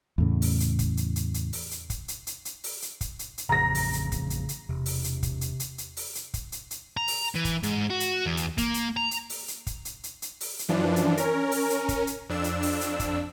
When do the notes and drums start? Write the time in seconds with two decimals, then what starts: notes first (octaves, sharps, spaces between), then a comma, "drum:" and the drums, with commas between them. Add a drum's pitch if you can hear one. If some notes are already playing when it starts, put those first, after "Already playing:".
0.18 E2 A2 C#3
0.42 drum: open hi-hat
0.60 drum: hi-hat
0.79 drum: kick, hi-hat
0.97 drum: hi-hat
1.16 drum: hi-hat
1.34 drum: hi-hat
1.53 drum: open hi-hat
1.71 drum: hi-hat
1.90 drum: kick, hi-hat
2.08 drum: hi-hat
2.27 drum: hi-hat
2.45 drum: hi-hat
2.64 drum: open hi-hat
2.82 drum: hi-hat
3.01 drum: kick, hi-hat
3.19 drum: hi-hat
3.38 drum: hi-hat
3.49 A1 F2 C#3 A#5 A#6
3.75 drum: open hi-hat
3.93 drum: hi-hat
4.12 drum: kick, hi-hat
4.30 drum: hi-hat
4.49 drum: hi-hat
4.69 E1 C3
4.86 drum: open hi-hat
5.04 drum: hi-hat
5.23 drum: kick, hi-hat
5.41 drum: hi-hat
5.60 drum: hi-hat
5.78 drum: hi-hat
5.97 drum: open hi-hat
6.15 drum: hi-hat
6.34 drum: kick, hi-hat
6.52 drum: hi-hat
6.71 drum: hi-hat
6.97 A#5
7.08 drum: open hi-hat
7.35 E3
7.45 drum: kick, hi-hat
7.63 G#2, drum: hi-hat
7.90 F#4
8.00 drum: hi-hat
8.26 E2
8.37 drum: hi-hat
8.58 A#3, drum: kick, hi-hat
8.74 drum: hi-hat
8.97 A#5
9.11 drum: hi-hat
9.30 drum: open hi-hat
9.48 drum: hi-hat
9.67 drum: kick, hi-hat
9.85 drum: hi-hat
10.04 drum: hi-hat
10.22 drum: hi-hat
10.41 drum: open hi-hat
10.59 drum: hi-hat
10.69 F#2 E3 F3 D4
10.96 drum: hi-hat
11.17 C#4 A#4, drum: hi-hat
11.51 drum: open hi-hat
11.70 drum: hi-hat
11.88 drum: kick, hi-hat
12.07 drum: hi-hat
12.29 F2 D4 E6
12.44 drum: hi-hat
12.62 drum: open hi-hat
12.81 drum: hi-hat
12.99 drum: kick, hi-hat